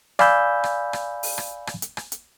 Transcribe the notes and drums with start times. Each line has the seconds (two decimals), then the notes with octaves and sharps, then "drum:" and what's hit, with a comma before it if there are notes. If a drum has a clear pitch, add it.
0.19 D5 F5 G#5 B5 E6 G6, drum: rim click
0.64 drum: rim click
0.93 drum: rim click
1.23 drum: open hi-hat
1.38 drum: rim click
1.67 drum: rim click
1.82 drum: hi-hat
1.97 drum: rim click
2.12 drum: hi-hat